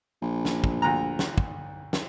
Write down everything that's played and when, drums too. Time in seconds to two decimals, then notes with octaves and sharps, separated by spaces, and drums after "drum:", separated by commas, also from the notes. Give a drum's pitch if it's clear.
0.22 A#1
0.45 drum: snare
0.64 drum: kick
0.82 D2 A#5
1.19 drum: snare
1.38 drum: kick
1.93 drum: snare